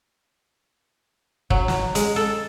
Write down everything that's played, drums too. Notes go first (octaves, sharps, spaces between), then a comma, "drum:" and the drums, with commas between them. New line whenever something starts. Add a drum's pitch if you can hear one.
F#3, drum: kick
drum: snare
G#3, drum: hi-hat
A4